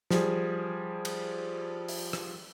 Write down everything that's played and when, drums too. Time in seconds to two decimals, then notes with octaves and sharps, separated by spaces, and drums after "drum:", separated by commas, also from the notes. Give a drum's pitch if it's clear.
0.10 F3 G3 G#4, drum: snare
1.05 drum: cymbal
1.89 drum: open hi-hat
2.13 drum: rim click